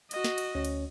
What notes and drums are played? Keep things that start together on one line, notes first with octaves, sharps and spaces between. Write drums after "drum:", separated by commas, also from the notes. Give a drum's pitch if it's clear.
F#4 D#5, drum: cymbal
drum: snare
drum: cymbal
D2 C#4 C#5
drum: cymbal